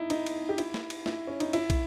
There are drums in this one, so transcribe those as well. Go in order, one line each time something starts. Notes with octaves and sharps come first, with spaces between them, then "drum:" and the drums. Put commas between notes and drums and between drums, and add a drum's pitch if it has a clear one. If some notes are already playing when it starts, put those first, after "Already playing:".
Already playing: D#4 E4
D#4, drum: cymbal
drum: cymbal
G4
E4, drum: cymbal
drum: snare
drum: cymbal
E4, drum: snare
C#4
D#4, drum: cymbal
E4, drum: cymbal
drum: kick, cymbal